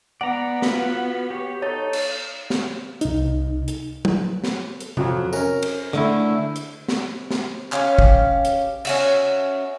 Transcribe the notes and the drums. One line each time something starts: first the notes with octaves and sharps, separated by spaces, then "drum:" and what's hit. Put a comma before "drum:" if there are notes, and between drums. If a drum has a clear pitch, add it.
B3 D5 F#5 A#5
F4 F#4 B4, drum: snare
G4 C#5
D#4 A4 C#5 A6
drum: cymbal
drum: snare
C2 D#4, drum: hi-hat
drum: hi-hat
drum: tom
drum: snare
drum: hi-hat
F2 F#3, drum: tom
C#4 A#4, drum: tambourine
drum: cymbal
D3 A3 E4, drum: rim click
drum: hi-hat
drum: snare
drum: snare
C#4 G4 F5, drum: clap
drum: kick
drum: hi-hat
C#4 F#4 E5, drum: cymbal